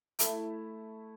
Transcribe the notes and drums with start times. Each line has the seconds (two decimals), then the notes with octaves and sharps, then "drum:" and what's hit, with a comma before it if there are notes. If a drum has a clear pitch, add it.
0.19 A3 E4, drum: hi-hat